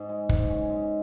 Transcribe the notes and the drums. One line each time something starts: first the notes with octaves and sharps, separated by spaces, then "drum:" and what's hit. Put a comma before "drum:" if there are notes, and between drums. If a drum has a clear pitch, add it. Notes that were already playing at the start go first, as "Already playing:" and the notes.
Already playing: G#2
G#3
G#2, drum: kick
C#4
G#3